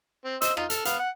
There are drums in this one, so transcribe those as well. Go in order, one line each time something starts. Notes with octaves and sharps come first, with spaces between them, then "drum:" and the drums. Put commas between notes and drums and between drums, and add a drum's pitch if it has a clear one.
C4
C5 D#5 E6, drum: hi-hat
D#4 F4, drum: rim click
A4 F6, drum: hi-hat
B3 F5, drum: hi-hat
F#5